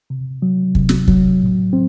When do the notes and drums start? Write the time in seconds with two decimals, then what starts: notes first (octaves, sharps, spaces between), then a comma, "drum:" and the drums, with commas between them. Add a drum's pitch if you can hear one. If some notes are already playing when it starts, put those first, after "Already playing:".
0.10 C3
0.42 F#3
0.75 C3, drum: kick
0.89 drum: snare
1.08 F#3, drum: kick
1.41 A2
1.73 C4